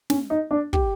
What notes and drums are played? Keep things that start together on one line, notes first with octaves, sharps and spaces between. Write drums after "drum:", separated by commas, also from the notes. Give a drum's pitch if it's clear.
C#4, drum: snare
D#4
D4
G4, drum: kick